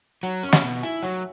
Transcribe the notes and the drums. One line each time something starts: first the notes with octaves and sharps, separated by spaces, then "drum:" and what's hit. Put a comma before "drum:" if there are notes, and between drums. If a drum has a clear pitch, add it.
F#3 C#5 F#5
C#4
C#6
F#5 B5, drum: snare
B2
E4 E5 G#5
F#3 C#5 F#5